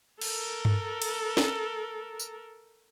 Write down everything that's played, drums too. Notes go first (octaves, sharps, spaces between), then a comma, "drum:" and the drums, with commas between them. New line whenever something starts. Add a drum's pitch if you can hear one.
A4 A#4, drum: cymbal
drum: tom G2
drum: cymbal
drum: snare
drum: tambourine